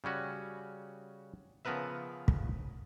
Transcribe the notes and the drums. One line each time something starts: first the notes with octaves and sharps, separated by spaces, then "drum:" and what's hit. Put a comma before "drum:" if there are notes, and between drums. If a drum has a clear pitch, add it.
C#3 G3 C#4 F#4
C#3 F3 B3 A#4 B4 E5
drum: kick